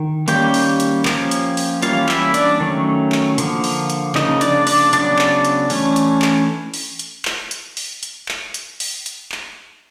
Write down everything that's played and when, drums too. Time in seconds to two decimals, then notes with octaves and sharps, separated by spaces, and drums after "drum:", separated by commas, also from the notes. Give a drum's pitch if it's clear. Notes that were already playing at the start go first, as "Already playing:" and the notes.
Already playing: D#3
0.28 D#3 G3 A#3 C#4 G4 G5, drum: hi-hat
0.54 drum: open hi-hat
0.80 drum: hi-hat
1.05 F3 A#3 C#4, drum: clap
1.31 drum: hi-hat
1.57 drum: open hi-hat
1.82 E3 G3 A#3 C#4 F4 F5, drum: hi-hat
2.09 E4 E5, drum: clap
2.34 D4 D5, drum: hi-hat
2.60 D#3 F#3 A3 C#4
3.12 drum: clap
3.38 D3 F3 A#3, drum: hi-hat
3.64 drum: open hi-hat
3.90 drum: hi-hat
4.15 C#3 F3 A#3 D#4 D#5, drum: clap
4.41 D4 D5, drum: hi-hat
4.67 D4 D5, drum: open hi-hat
4.93 C#3 F#3 B3 D4 D5, drum: hi-hat
5.19 drum: clap
5.45 drum: hi-hat
5.70 E3 A3 C#4, drum: open hi-hat
5.96 drum: hi-hat
6.22 drum: clap
6.74 drum: open hi-hat
6.99 drum: hi-hat
7.25 drum: clap
7.51 drum: hi-hat
7.77 drum: open hi-hat
8.03 drum: hi-hat
8.29 drum: clap
8.54 drum: hi-hat
8.80 drum: open hi-hat
9.06 drum: hi-hat
9.32 drum: clap